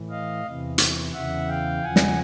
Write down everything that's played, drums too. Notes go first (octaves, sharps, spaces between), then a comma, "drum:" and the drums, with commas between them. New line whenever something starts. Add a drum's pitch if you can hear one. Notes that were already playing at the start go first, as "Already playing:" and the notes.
Already playing: A2 E3
D#5 F5
E2 C3 E3
drum: hi-hat
E2 C#3 E3 E5 F#5
F5 G5
E2 C#3 F3 F#5 G#5
drum: snare